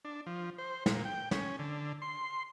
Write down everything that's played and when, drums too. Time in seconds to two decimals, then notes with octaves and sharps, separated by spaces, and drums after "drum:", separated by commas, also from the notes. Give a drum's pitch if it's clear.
0.05 D4
0.26 F3
0.58 C5
0.86 A#2, drum: snare
1.05 G5
1.31 C#4, drum: snare
1.59 D3
2.02 C6